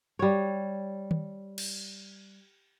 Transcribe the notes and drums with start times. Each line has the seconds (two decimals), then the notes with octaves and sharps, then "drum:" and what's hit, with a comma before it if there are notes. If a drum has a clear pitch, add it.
0.19 G3 C#5
1.11 drum: tom D#3
1.58 drum: cymbal